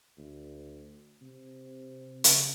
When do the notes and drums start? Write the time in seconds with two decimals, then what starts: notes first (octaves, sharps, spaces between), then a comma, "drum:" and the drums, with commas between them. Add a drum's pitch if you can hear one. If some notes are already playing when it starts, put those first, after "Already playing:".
0.18 D2
1.22 C3
2.24 C#3, drum: hi-hat